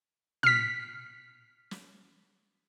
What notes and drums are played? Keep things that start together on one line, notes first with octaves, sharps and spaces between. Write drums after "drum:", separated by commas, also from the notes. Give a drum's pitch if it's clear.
F6 B6, drum: tom
drum: snare